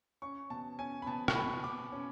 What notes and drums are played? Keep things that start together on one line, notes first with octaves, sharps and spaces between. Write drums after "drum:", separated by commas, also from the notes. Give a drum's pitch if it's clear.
C#4 C#6
B2 A5
C#4 G#5
B5
B2 A5
C#6, drum: rim click
B2 B5
B2 D6
C#4